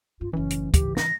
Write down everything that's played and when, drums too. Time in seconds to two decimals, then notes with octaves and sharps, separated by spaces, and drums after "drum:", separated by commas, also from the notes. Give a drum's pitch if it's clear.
0.21 G2 F4
0.33 F#1 A2 E3 C#4
0.50 drum: hi-hat
0.74 G#1 C#2 G4, drum: kick, hi-hat
0.97 A2 A#6, drum: snare